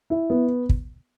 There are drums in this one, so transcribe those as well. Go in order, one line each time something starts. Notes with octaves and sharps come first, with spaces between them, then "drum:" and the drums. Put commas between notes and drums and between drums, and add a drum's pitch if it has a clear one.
E4
B3
drum: kick